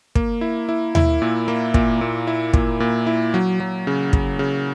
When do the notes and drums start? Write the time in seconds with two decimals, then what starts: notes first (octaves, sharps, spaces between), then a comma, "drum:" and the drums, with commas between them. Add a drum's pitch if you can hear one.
0.15 A#3, drum: kick
0.41 E4
0.69 E4
0.95 E4, drum: tom D#2
1.22 A#2
1.48 A#3
1.74 A#2, drum: kick
2.01 A#2
2.27 E4
2.54 A#2, drum: kick
2.80 A#2
3.06 E4
3.34 F#3
3.60 F#3
3.87 C#3
4.13 C#3, drum: kick
4.39 C#3